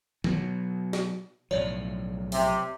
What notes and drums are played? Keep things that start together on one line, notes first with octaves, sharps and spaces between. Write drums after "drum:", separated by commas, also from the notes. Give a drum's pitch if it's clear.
B2 F#3, drum: tom D#3
drum: snare
B1 A2 F3 C#5 D5
C3, drum: open hi-hat